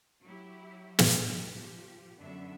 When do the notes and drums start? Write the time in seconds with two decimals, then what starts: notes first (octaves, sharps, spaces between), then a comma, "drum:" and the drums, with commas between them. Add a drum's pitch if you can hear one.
0.23 F#3 E4 G4
0.99 drum: snare
1.10 F3 G4
2.19 F#2 D3 B3 D4 E5